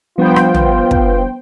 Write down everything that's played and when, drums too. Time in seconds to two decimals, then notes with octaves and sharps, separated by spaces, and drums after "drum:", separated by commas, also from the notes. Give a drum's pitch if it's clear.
0.18 F3 G3 B3 D4 F4 C5 G5
0.36 drum: rim click
0.54 drum: tom
0.91 drum: kick